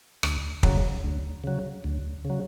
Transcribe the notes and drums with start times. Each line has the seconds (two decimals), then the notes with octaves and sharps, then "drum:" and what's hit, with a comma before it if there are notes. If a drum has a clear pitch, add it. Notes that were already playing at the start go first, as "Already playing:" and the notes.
0.23 D2, drum: rim click
0.63 C#3 F#3, drum: kick
1.04 D2
1.44 C#3 F#3
1.84 D2
2.25 C#3 F#3